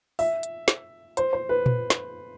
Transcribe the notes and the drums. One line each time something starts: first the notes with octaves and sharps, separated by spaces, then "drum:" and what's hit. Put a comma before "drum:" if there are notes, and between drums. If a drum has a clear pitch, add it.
E5, drum: open hi-hat
drum: hi-hat
drum: snare
C5, drum: hi-hat
C5
B4
drum: tom A#2
drum: snare